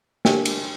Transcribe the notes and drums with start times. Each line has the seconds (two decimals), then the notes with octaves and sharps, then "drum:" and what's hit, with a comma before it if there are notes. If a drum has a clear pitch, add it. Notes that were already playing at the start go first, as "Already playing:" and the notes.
0.25 D4 G4 A#4 G5, drum: snare
0.45 drum: cymbal